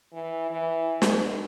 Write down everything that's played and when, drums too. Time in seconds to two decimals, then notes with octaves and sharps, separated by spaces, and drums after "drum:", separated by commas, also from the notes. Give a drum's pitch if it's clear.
0.12 E3
0.51 E3
1.02 drum: snare